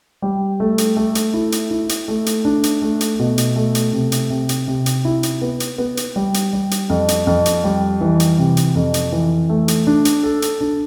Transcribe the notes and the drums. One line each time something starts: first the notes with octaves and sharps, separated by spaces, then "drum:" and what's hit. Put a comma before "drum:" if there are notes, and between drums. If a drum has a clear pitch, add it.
G3
A3
drum: hi-hat
A3
drum: hi-hat
E4
drum: hi-hat
E4
drum: hi-hat
A3
drum: hi-hat
D4
drum: hi-hat
A3
drum: hi-hat
B2
drum: hi-hat
A3
drum: hi-hat
C3
drum: hi-hat
C3
drum: hi-hat
C3
drum: hi-hat
E4
drum: hi-hat
B3
drum: hi-hat
B3
drum: hi-hat
G3
drum: hi-hat
G3
drum: hi-hat
F2
drum: hi-hat
F2
drum: hi-hat
G3
E3
drum: hi-hat
C3
drum: hi-hat
F2
drum: hi-hat
E3
A3
drum: hi-hat
D4
drum: hi-hat
A4
drum: hi-hat
D4